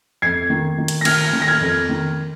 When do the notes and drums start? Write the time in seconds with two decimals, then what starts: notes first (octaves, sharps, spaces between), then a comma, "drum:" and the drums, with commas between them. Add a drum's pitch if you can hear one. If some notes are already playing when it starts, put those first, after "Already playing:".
0.22 F2 G#6 C7
0.50 D#3
0.78 D#3
0.88 drum: hi-hat
1.01 A#6
1.05 D#3 F6 G#6, drum: cymbal
1.33 D#3
1.42 A#6
1.48 F6 G#6
1.61 F2
1.89 D#3